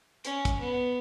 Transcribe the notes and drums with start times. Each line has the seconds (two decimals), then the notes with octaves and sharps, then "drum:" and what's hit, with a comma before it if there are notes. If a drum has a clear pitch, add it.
0.25 C#4, drum: hi-hat
0.45 drum: kick, hi-hat
0.60 B3